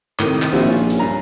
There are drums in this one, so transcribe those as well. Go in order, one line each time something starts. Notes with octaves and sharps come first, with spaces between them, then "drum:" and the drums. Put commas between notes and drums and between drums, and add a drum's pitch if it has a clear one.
A2 C3 D#3, drum: clap
drum: clap
A#1 C4 E4 F#4
C#4 F4, drum: hi-hat
drum: hi-hat
G2 A#5